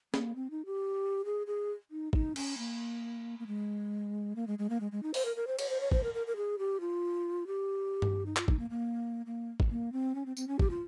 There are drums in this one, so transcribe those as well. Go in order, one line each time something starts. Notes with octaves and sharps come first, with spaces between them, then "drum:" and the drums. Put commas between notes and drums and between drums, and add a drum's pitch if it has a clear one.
A#3, drum: snare
C4
D#4
G4
G#4
G#4
D#4
D#4, drum: kick
C#4, drum: cymbal
A#3
A#3
G#3
A#3
G#3
G#3
A#3
G#3
G#3
D#4
C5, drum: open hi-hat
A#4
A#4
C5
C#5, drum: cymbal
C5
C#5
C5, drum: kick
A#4
A#4
A#4
G#4
G4
F4
G4
drum: tom G2
D#4
F4, drum: clap
D#4, drum: kick
A#3
A#3
A#3
drum: kick
A#3
C4
C#4
C4
C4, drum: tambourine
C#4
G4, drum: kick
F4